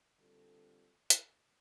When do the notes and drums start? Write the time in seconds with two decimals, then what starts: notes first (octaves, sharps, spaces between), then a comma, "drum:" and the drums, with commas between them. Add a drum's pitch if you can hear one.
0.19 D3 G3 C4 F4 A4
1.10 drum: hi-hat